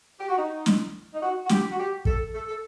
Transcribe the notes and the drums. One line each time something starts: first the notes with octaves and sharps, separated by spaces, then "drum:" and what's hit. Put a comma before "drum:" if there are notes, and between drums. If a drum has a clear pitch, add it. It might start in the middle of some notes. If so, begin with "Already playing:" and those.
G4
F#4
D#4
drum: snare
D#4
F#4
F#4
G4, drum: snare
F#4
G4
A4, drum: kick
A4
A4